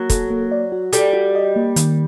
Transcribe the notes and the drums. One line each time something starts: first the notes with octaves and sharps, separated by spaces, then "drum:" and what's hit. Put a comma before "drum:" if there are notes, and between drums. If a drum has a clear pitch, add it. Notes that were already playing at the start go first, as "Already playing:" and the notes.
Already playing: F#3 A#3
A4, drum: kick, hi-hat
A#3
D5
F#4
G3 A4, drum: hi-hat
F#4
D#5
A#3
D#3, drum: hi-hat